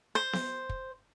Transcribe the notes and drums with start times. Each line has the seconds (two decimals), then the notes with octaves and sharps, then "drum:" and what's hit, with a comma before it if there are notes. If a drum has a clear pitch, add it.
0.15 C5
0.33 drum: snare B3
0.69 drum: kick